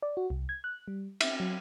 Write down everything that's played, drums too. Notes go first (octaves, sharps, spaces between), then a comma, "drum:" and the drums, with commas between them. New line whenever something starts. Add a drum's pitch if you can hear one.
D5
F#4
C2
G#6
F#6
G3
E5, drum: cymbal
F#3